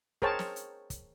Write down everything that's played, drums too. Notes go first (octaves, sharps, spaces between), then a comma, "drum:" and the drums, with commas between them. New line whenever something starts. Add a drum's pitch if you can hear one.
G#4 A#4 C5 C#5 G5 A5, drum: kick
drum: snare
drum: hi-hat
drum: kick, hi-hat